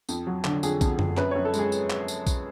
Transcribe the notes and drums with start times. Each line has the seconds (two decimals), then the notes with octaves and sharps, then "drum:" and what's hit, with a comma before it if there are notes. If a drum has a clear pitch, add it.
0.09 F2, drum: tambourine
0.27 F#3
0.44 D3, drum: clap
0.63 F2 G#4, drum: tambourine
0.81 F2, drum: kick A#1, tambourine
0.99 F2, drum: tom F#2
1.17 F#2 B4, drum: clap
1.31 F#2 C#5
1.45 A4
1.54 G#3, drum: tambourine
1.59 G#4
1.72 drum: tambourine
1.90 drum: clap
2.08 drum: tambourine
2.27 drum: kick A#1, tambourine